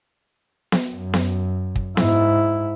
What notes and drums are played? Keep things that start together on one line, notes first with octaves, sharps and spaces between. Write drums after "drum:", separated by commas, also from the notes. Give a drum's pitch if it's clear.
drum: snare B3
F#2
drum: snare B3
drum: kick
G#2 E4, drum: snare B3